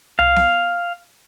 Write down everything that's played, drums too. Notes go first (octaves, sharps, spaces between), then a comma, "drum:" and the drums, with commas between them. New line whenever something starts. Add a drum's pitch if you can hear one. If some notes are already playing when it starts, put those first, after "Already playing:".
F5, drum: tom C2
drum: snare B3